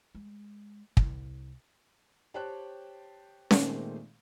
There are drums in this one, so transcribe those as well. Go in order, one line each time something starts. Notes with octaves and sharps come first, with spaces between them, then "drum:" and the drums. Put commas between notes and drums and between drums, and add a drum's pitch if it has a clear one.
G#3
C2, drum: kick
G4 C5 C#5 G5 A5 F#6
A#2 D#3 G#3 A3 C4, drum: snare C#4